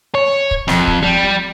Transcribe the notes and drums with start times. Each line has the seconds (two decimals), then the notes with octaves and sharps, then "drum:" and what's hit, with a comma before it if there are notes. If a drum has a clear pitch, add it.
0.15 C#5
0.51 drum: kick
0.68 F2, drum: snare
0.87 drum: kick
1.03 G3